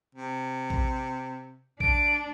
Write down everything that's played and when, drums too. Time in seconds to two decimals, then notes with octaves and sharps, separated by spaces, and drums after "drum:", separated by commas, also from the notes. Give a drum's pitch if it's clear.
0.15 C3
0.70 drum: kick
1.80 D4 D7, drum: kick